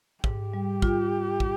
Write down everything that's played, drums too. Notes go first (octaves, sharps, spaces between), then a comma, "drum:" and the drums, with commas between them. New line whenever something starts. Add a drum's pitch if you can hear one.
G#2 G4, drum: kick
G3
F4, drum: kick
drum: kick